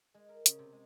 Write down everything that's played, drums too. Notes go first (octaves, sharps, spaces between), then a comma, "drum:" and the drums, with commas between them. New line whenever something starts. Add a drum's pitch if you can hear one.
G#3
A#4
C#3, drum: hi-hat
C3
G#3